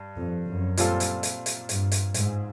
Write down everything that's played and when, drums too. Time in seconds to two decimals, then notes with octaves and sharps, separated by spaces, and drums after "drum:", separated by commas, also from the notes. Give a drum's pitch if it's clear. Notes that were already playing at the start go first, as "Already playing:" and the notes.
Already playing: G2
0.16 F2
0.47 F#2
0.77 A#2 G3 C4 F4 A4, drum: hi-hat
1.00 drum: hi-hat
1.23 drum: hi-hat
1.46 drum: hi-hat
1.69 G2, drum: hi-hat
1.92 drum: hi-hat
2.14 G#2, drum: hi-hat